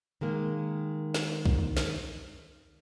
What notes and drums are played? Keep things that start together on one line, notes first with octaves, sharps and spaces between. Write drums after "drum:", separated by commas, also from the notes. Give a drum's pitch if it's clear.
D#3 G#3 A#3
drum: snare
drum: kick B1
drum: snare